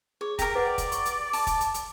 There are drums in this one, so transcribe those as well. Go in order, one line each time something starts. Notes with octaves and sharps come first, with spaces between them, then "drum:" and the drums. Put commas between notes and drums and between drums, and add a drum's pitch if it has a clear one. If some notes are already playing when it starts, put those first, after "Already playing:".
G#4 C#5
G4 A#4 A#5, drum: kick, hi-hat
B4 D5 F#5 G5
drum: kick, hi-hat
C#6, drum: hi-hat
drum: hi-hat
A5, drum: open hi-hat
drum: kick, hi-hat
drum: hi-hat
drum: hi-hat